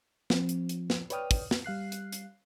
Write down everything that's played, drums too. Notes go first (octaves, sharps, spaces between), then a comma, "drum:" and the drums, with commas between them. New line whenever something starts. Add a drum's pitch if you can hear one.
F3 C4, drum: snare
drum: hi-hat
drum: hi-hat
drum: snare
B4 C#5 D5 G5 D#6 F6, drum: hi-hat
drum: kick, open hi-hat
drum: snare
G3 F5 F#6 C7
drum: hi-hat
drum: hi-hat